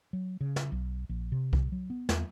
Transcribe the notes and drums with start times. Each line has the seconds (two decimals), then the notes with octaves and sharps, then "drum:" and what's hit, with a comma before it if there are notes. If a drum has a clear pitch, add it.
0.13 F#3
0.41 C#3
0.56 drum: snare
0.72 B1
1.09 A#1
1.32 C3
1.53 drum: kick C2
1.72 F#3
1.90 B3
2.09 E2, drum: snare